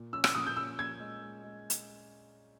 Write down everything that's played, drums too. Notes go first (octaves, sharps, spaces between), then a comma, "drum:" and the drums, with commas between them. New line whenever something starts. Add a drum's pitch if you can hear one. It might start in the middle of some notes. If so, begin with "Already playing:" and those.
Already playing: A#2
C#4 E6
E6, drum: rim click
A#2 D#6
G6
C#4 E6
A#2 G#6
G#3
G#3
G#3
drum: hi-hat